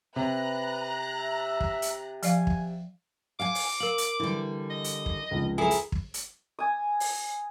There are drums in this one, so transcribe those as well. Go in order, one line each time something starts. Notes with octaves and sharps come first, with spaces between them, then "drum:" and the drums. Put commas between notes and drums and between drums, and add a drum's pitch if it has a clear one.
C3 B4 A#5 F#6
E5
drum: kick
drum: hi-hat
F3 D5 F5 G#5, drum: hi-hat
drum: kick
F5 F#5 G#5 D6
drum: open hi-hat
A#4 F5 F#7
drum: hi-hat
D3 E3 G3
D#5
drum: hi-hat
drum: kick
F1 C#2
E4 G#4 A4 G#5 A#5
drum: hi-hat
drum: kick
drum: hi-hat
G#5 D#6
drum: open hi-hat